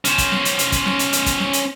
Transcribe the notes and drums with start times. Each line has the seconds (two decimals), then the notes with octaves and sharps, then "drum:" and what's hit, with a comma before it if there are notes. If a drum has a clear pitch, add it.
0.05 C#4 C5, drum: hi-hat
0.18 drum: kick, hi-hat
0.32 drum: snare
0.45 drum: hi-hat
0.59 drum: hi-hat
0.72 drum: kick, hi-hat
0.86 drum: snare
0.99 drum: hi-hat
1.13 drum: hi-hat
1.26 drum: kick, hi-hat
1.40 drum: snare
1.53 drum: hi-hat